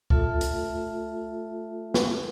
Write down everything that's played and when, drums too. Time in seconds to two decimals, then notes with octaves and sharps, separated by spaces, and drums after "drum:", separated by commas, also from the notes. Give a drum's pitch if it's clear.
0.10 A3 F4 A4 E5, drum: kick C#2
0.41 drum: hi-hat
1.94 drum: snare